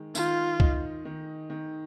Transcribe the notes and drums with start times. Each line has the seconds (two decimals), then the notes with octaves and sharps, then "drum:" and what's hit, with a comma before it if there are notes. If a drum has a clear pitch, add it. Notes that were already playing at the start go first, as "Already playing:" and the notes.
Already playing: D#3 G#3
0.15 D#3 F4, drum: tambourine
0.60 D#4, drum: kick C2
1.05 D#3
1.50 D#3